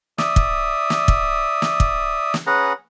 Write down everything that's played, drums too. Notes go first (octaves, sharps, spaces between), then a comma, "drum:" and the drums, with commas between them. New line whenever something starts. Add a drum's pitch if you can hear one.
D5 E5 D#6, drum: snare
drum: kick
drum: snare
drum: kick
drum: snare
drum: kick
drum: snare
C#4 G#4 B4 F#5 A#5